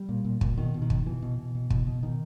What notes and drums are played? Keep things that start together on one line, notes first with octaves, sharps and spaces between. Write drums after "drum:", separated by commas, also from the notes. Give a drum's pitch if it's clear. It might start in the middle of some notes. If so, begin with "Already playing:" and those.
Already playing: G3
A#2
A#2
A#2, drum: kick
B2 D#3
B2
D#3
B2, drum: kick
B2 E3
B2
B2
B2
B2, drum: kick
B2
B2 D#3